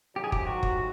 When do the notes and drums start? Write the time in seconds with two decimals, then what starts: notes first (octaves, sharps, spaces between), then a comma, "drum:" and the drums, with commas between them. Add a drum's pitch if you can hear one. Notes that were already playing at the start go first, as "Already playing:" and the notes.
0.16 F2 C3 D#3 F#3 G4
0.24 G#4
0.32 G4, drum: kick
0.47 F#4
0.63 drum: kick